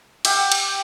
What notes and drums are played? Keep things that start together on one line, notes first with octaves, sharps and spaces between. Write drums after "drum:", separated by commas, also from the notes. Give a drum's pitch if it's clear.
G4 E5 F#5 G5, drum: cymbal
drum: cymbal